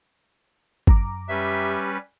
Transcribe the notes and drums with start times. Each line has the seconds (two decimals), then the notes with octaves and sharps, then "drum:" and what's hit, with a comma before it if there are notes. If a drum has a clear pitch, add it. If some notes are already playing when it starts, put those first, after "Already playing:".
0.87 F#2 A#5 D6, drum: kick G1
1.29 G3 C#4 G4 B4 E5